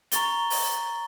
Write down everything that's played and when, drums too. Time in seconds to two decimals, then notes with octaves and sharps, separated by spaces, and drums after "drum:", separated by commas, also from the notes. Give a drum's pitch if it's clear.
0.12 A#5 C#6 A6 G7, drum: hi-hat
0.50 drum: open hi-hat